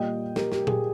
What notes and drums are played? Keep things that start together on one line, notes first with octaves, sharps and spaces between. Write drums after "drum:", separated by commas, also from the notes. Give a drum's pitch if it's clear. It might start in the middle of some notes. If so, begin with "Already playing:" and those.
Already playing: A#2 G3 D#5 G5
G4 A#4, drum: snare
G4, drum: snare
G#4, drum: tom A#2